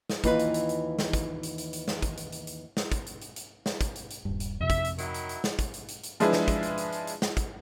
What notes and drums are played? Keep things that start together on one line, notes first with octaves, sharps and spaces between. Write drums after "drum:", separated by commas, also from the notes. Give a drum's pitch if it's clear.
drum: snare
D#2 E3 D#4 F4 G#4 B4, drum: kick, hi-hat
drum: hi-hat
drum: hi-hat
drum: hi-hat
drum: snare
drum: kick, hi-hat
drum: hi-hat
drum: hi-hat
drum: hi-hat
drum: snare
drum: kick, hi-hat
drum: hi-hat
drum: hi-hat
drum: hi-hat
drum: snare
drum: kick, hi-hat
drum: hi-hat
drum: hi-hat
drum: hi-hat
drum: snare
drum: kick, hi-hat
drum: hi-hat
drum: hi-hat
D#1 G2
drum: hi-hat
F2 C3 E5
drum: kick, hi-hat
drum: hi-hat
D#3 F#3 E4, drum: hi-hat
drum: hi-hat
drum: hi-hat
drum: snare
drum: kick, hi-hat
drum: hi-hat
drum: hi-hat
drum: hi-hat
F3 G#3 D4 E4 G#4 B4, drum: hi-hat
drum: snare
drum: kick, hi-hat
drum: hi-hat
drum: hi-hat
drum: hi-hat
drum: hi-hat
drum: snare
drum: kick, hi-hat